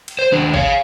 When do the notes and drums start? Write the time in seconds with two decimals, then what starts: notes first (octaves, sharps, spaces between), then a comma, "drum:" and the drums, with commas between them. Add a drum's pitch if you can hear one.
0.08 drum: cymbal
0.19 C5
0.32 D#2 D4
0.54 C#5 F5, drum: kick G#1